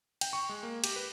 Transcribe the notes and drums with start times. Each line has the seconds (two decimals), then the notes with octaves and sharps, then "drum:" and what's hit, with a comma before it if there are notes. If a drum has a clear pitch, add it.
0.21 G5, drum: cymbal
0.33 C#6
0.49 G#3
0.63 A#3
0.84 G4, drum: cymbal
0.96 B4